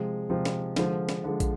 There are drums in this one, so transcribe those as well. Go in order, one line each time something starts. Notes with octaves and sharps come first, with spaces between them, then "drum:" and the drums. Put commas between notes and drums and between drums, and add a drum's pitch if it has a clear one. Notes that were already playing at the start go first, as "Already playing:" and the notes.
Already playing: C3 F3 G#3
C3 F3 G#3
drum: snare
D3 F3 G#3, drum: snare
drum: snare
D3 F3 G#3
drum: kick, hi-hat